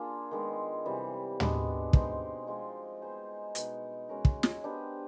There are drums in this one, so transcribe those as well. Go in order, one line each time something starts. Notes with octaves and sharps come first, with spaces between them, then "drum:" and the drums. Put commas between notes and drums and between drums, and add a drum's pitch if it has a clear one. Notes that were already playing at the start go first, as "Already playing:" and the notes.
Already playing: A#3 D4 F4 G#4
D#3 G#3 B3
C3 E3 G3
B2 G#3 B3 D4, drum: tom
B2 G#3 C4 D#4, drum: kick
F3 G#3 C4 F4
B3 D#4 G#4 C5
B2 G#3 B3 D#4, drum: hi-hat
G#3 C#4 F#4 A#4
drum: kick
drum: snare
B3 D4 G4 C5